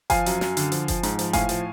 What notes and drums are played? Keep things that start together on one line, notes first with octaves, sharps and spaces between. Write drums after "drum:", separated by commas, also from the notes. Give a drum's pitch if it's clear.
F3 F5 G#5, drum: kick F#1, hi-hat
F#2, drum: hi-hat
F#2, drum: snare
D3, drum: hi-hat
F3, drum: hi-hat
F3, drum: kick F#1, hi-hat
G#2, drum: hi-hat
F3, drum: hi-hat
A2 F5 G#5, drum: kick F#1, hi-hat
F3, drum: hi-hat